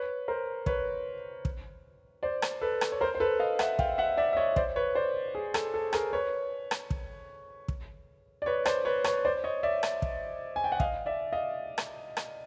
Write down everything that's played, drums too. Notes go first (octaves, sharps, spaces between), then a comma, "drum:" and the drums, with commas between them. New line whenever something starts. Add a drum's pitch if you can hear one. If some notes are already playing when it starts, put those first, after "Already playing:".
Already playing: B4 C#5
A#4 C5
B4 C#5, drum: kick
drum: kick
C5 D5
drum: rim click
A4 B4
drum: rim click
C#5
A#4 C5
C5
A4 B4
D#5 F5
E5 F#5, drum: rim click
F5 G5, drum: kick
E5 F#5
D5 E5
E5
C#5 D#5
C5 D5, drum: kick
B4 C#5
C5 D5
G#4
A4, drum: rim click
A4
G#4 A#4, drum: rim click
B4 C#5
drum: rim click
drum: kick
drum: kick
D5
B4 C#5
C5 D5, drum: rim click
B4 C#5
B4 C#5, drum: rim click
C5 D5
C#5 D#5
D5 E5
drum: rim click
drum: kick
G#5
G5
F#5
D#5 F5, drum: kick
D5 E5
D#5 F5
drum: rim click
drum: rim click